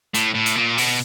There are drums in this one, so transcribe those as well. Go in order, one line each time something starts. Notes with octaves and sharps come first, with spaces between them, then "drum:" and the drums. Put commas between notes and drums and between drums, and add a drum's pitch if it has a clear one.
A2, drum: hi-hat
A2
drum: hi-hat
A#2
B2, drum: open hi-hat